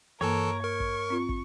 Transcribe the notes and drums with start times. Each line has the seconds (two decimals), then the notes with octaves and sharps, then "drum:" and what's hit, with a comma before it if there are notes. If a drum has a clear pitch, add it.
0.21 G2 E3 A#3 A4 A#4 C#5 A5
0.64 A#4 C#6
0.80 drum: kick
1.10 C4 F4
1.29 drum: kick